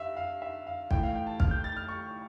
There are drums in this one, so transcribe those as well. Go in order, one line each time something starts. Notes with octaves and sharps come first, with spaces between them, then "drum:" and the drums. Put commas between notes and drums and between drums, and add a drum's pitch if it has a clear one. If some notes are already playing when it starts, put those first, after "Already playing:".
Already playing: G2 E5 F5
F5
E5
F5
A2 E3 A3 G5, drum: kick B1
F5
G5
A5
F6, drum: kick B1
G6
A6
F6
C#6